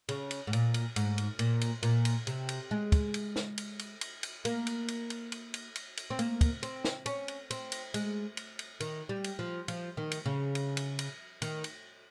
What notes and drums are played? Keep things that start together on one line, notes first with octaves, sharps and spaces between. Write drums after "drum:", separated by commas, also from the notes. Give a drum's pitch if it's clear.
C#3, drum: cymbal
drum: cymbal
G#2
A#2, drum: cymbal
drum: cymbal
G#2, drum: cymbal
drum: cymbal
A#2, drum: cymbal
drum: cymbal
A#2, drum: cymbal
drum: cymbal
C3, drum: cymbal
drum: cymbal
G#3
drum: kick, cymbal
drum: cymbal
drum: snare
drum: cymbal
drum: cymbal
drum: cymbal
drum: cymbal
A#3, drum: cymbal
drum: cymbal
drum: cymbal
drum: cymbal
drum: cymbal
drum: cymbal
drum: cymbal
drum: cymbal
C4
A#3, drum: cymbal
drum: kick, cymbal
C4, drum: cymbal
drum: snare
C#4, drum: cymbal
drum: cymbal
C4, drum: cymbal
drum: cymbal
G#3, drum: cymbal
drum: cymbal
drum: cymbal
D#3, drum: cymbal
G3
drum: cymbal
F3
F3, drum: cymbal
D#3
drum: cymbal
C#3
drum: cymbal
drum: cymbal
drum: cymbal
D#3, drum: cymbal
drum: cymbal